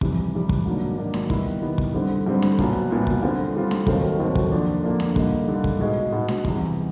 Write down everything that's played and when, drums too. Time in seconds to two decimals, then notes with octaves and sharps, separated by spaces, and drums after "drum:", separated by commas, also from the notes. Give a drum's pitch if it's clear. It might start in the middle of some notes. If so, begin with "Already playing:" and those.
0.01 F2 C3 E3 G3, drum: kick
0.33 F2 C3 E3 G3
0.49 drum: kick
0.66 G#2 D#3 F#3 A#3 D4
0.97 G#2 D#3 F#3 A#3 D4
1.14 drum: snare D4
1.30 D#3 G3 B3 E4, drum: kick
1.62 D#3 G3 B3 E4
1.78 drum: kick
1.94 G2 D3 G3 C4
2.26 G2 D3 G3 C4
2.42 drum: snare D4
2.59 C2 A#2 F#3 B3, drum: kick
2.90 C2 A#2 F#3 B3
3.07 drum: kick
3.22 D3 G3 C4 F4
3.55 D3 G3 C4 F4
3.71 drum: snare D4
3.87 D#2 D#3 F#3 A3 C4, drum: kick
4.19 D#2 D#3 F#3 A3 C4
4.35 drum: kick
4.52 F2 D3 F3 A#3 D4
4.84 F2 D3 F3 A#3 D4
5.00 drum: snare D4
5.16 D3 G3 A#3 D#4, drum: kick
5.48 D3 G3 A#3 D#4
5.64 drum: kick
5.80 B2 G#3 B3 D#4 F#4
6.12 B2 G#3 B3 D#4 F#4
6.28 drum: snare D4
6.45 E2 C3 E3 G3, drum: kick